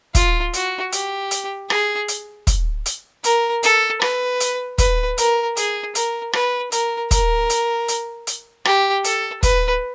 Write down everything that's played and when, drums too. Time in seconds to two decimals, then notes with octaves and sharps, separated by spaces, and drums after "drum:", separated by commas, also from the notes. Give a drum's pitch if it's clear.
0.15 F4, drum: kick, hi-hat
0.53 F#4, drum: hi-hat
0.92 G4, drum: hi-hat
1.31 drum: hi-hat
1.70 G#4, drum: rim click
2.08 drum: hi-hat
2.47 drum: kick, hi-hat
2.86 drum: hi-hat
3.24 A#4, drum: hi-hat
3.63 A4, drum: hi-hat
4.02 B4, drum: rim click
4.40 drum: hi-hat
4.78 B4, drum: kick, hi-hat
5.18 A#4, drum: hi-hat
5.57 G#4, drum: hi-hat
5.95 A#4, drum: hi-hat
6.33 B4, drum: rim click
6.72 A#4, drum: hi-hat
7.11 A#4, drum: kick, hi-hat
7.50 drum: hi-hat
7.88 drum: hi-hat
8.27 drum: hi-hat
8.65 G4, drum: rim click
9.04 A4, drum: hi-hat
9.43 B4, drum: kick, hi-hat